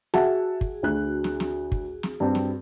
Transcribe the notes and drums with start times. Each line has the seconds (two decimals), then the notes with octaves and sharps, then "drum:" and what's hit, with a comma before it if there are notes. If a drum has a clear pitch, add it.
0.14 F#4 G#4 E5 F#5 A5, drum: snare
0.61 drum: kick
0.83 D2 F#6
1.24 drum: snare
1.40 drum: snare
1.72 drum: kick
2.03 drum: snare
2.20 G2 C4
2.35 drum: snare